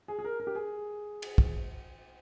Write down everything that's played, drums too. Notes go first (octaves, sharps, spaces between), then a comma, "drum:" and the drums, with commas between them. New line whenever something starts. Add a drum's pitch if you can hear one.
G#4
G#4
A#4
A#4
G4
G#4
drum: cymbal
drum: kick